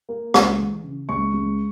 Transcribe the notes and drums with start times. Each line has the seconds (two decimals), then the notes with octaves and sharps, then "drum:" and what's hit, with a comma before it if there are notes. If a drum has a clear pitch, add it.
0.09 A#3
0.34 C#2, drum: rim click
0.59 E3
0.84 C#3
1.09 C#2 C#6
1.33 C#2